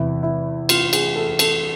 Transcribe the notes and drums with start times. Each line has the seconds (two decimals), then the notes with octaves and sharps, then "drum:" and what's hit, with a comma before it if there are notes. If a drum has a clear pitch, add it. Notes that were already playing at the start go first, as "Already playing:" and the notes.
Already playing: E2 C3 E3 E4
0.23 E4
0.69 F4, drum: cymbal
0.93 G#4, drum: cymbal
1.16 A4
1.39 A4, drum: cymbal